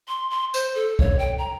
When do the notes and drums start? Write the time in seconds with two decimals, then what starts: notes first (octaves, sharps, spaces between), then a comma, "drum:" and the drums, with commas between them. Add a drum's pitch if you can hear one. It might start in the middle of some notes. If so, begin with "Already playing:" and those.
0.08 C6
0.30 C6
0.54 C5, drum: tambourine
0.75 A4
0.99 C#5, drum: kick
1.19 G5
1.38 A#5